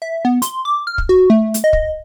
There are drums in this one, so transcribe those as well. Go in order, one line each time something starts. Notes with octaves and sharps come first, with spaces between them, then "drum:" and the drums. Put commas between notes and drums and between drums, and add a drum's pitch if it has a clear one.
E5
B3
C6, drum: hi-hat
D6
F6
drum: kick
F#4
A3
drum: hi-hat
D#5
drum: kick